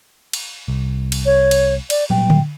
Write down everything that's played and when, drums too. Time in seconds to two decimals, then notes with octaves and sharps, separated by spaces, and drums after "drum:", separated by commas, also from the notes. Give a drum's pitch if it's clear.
0.33 drum: cymbal
0.68 C2
1.12 drum: cymbal
1.26 C#5
1.51 drum: cymbal
1.90 D5, drum: cymbal
2.10 A#2 F#3 G3 G5
2.30 drum: tom D3